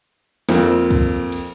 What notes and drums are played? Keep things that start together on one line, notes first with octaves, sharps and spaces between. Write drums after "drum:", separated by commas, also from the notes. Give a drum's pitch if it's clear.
F2 A#3 C4 F4, drum: snare
drum: kick, cymbal
drum: cymbal